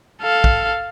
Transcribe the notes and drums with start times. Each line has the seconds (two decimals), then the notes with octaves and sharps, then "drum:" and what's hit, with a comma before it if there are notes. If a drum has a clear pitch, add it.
0.21 A4 F5
0.44 drum: kick